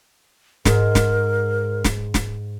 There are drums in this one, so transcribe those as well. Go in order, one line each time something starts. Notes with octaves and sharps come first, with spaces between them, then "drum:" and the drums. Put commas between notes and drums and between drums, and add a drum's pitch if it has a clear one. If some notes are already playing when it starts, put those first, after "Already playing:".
G#2 A#4, drum: snare
drum: snare
drum: snare
drum: snare